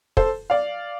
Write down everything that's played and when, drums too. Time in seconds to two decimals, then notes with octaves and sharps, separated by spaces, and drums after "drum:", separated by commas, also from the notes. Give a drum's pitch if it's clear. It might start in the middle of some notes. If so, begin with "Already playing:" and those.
0.17 A4 C5, drum: kick
0.50 D5 F5